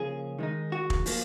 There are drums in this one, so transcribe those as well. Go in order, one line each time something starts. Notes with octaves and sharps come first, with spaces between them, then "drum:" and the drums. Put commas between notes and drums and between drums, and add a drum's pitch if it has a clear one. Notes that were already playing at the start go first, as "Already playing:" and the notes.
Already playing: C#3 F3 A#3 C#4 G#4
D#3 G#3 D#4
F#4
drum: kick
F3 A#3, drum: open hi-hat